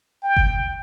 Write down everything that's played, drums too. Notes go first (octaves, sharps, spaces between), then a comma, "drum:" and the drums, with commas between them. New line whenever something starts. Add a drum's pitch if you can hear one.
G5
drum: kick F#1